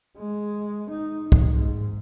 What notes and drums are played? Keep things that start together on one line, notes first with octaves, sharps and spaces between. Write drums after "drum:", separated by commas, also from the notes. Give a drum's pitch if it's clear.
G#3
D#4
drum: kick
G#2